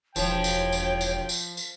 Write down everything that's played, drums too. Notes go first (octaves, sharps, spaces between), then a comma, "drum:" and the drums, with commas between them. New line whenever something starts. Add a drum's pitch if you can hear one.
E1 F3 C#5 G5, drum: tambourine
drum: tambourine
drum: tambourine
drum: tambourine
drum: tambourine
drum: tambourine